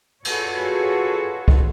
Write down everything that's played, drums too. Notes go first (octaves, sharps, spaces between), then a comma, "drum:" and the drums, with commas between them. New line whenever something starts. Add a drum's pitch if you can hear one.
F4 F#4 G#4 A4 B4 C#5, drum: cymbal
drum: kick C2